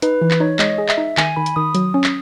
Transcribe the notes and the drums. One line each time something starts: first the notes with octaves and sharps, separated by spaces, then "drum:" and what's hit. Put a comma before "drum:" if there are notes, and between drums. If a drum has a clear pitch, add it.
D#4 B4, drum: hi-hat
E3
drum: clap
D#4 C#5
G#3 D#5, drum: clap
G#4
E5, drum: clap
D#4
D#3 G#5, drum: clap
D#3 B5
drum: hi-hat
D#3 D#6
F#3, drum: hi-hat
C#4
drum: clap